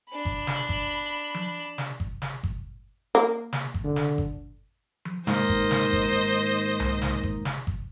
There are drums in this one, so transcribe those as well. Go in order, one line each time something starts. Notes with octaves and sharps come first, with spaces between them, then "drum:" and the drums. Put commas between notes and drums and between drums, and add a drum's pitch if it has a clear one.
D4 B5
drum: kick G1
drum: snare
drum: kick G1
drum: tom F3
drum: snare
drum: kick G1
drum: snare
drum: kick G1
A#3
drum: snare
drum: kick G1
D3
drum: snare
drum: kick G1
drum: tom F3
G#2 D#3 A#3 C5 D#5, drum: snare
drum: kick G1
drum: snare
drum: kick G1
drum: tom C2
drum: snare
drum: kick G1
drum: snare
drum: kick G1